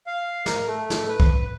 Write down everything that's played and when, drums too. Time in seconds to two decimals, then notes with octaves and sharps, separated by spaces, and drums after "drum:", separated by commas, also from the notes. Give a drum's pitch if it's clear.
0.06 F5
0.46 A#4, drum: snare
0.67 A3
0.90 drum: snare
1.08 B4
1.20 drum: kick